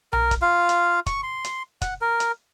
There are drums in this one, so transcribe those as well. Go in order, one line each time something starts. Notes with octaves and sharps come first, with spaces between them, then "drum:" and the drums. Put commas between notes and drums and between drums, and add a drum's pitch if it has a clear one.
A#4, drum: tom B1
drum: kick, hi-hat
F4 F5
drum: hi-hat
C#6, drum: kick, hi-hat
C6
drum: hi-hat
F#5, drum: kick, hi-hat
A#4
drum: hi-hat